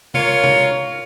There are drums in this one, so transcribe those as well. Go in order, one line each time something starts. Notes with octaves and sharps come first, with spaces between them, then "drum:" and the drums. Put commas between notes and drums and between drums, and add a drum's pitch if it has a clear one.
F4 A#4 C#5, drum: tom C3
drum: tom C3